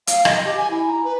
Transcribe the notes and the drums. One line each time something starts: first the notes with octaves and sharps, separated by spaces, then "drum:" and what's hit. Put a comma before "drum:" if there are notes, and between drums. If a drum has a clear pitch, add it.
F5, drum: hi-hat
D#5, drum: rim click
G4
G#5
E4
A#5
B4